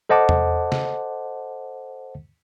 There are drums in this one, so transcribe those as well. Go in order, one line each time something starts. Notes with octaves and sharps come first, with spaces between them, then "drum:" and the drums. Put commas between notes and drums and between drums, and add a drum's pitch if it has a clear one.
A4 C5 D#5 F#5 A5 D6
drum: tom E2
drum: snare